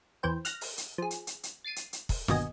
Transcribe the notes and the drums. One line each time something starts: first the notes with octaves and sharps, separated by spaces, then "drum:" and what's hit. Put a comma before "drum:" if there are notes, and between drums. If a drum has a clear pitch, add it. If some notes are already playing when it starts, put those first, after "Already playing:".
E2 E3 C5 G5
F6 F#6 A#6, drum: hi-hat
drum: open hi-hat
drum: hi-hat
F3 G#4
drum: hi-hat
drum: hi-hat
drum: hi-hat
A6 C7 D7 D#7
drum: hi-hat
drum: hi-hat
drum: kick, open hi-hat
G1 D#2 B2 D#5 G#5, drum: snare